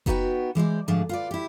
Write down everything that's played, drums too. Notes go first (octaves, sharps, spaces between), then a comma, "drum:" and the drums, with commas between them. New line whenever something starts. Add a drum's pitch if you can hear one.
B3 D#4 F#4 G4 B4 G5, drum: kick F#1
E3 G#3 C5 D5
D2 G#2 F3 A3 D4 G#4
F4 B4 D5
E4 G4